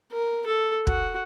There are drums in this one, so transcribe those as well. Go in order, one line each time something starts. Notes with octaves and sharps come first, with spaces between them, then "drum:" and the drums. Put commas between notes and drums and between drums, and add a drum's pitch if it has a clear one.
A#4
A4
F#4, drum: kick